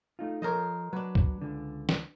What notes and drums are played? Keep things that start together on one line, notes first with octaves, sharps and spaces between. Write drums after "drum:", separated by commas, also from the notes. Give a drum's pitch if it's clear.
A3 D#4 F4
F3 A4 A#4 C5 C#5 D#5
F#3 D4 B4
drum: kick C#2
C#2 D3
drum: snare